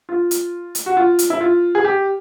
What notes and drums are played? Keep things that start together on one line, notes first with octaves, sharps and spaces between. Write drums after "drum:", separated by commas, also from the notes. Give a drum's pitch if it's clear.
F4
drum: hi-hat
drum: hi-hat
F#4
F4
drum: hi-hat
E4
F4
G#4
G4